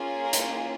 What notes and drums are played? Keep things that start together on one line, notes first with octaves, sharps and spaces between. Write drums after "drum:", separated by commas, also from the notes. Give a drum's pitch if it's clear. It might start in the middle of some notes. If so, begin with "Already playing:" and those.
Already playing: A#3 C#4 F4 G#4
A#4
drum: hi-hat